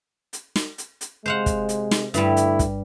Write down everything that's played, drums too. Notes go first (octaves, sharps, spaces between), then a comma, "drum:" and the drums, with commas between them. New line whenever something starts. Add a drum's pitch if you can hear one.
drum: hi-hat
drum: snare
drum: hi-hat
drum: hi-hat
C3 G#3 C5 F5 F#5
drum: kick, hi-hat
drum: hi-hat
drum: snare
G2 D3 G3 A3 E4, drum: hi-hat
drum: hi-hat
drum: kick, hi-hat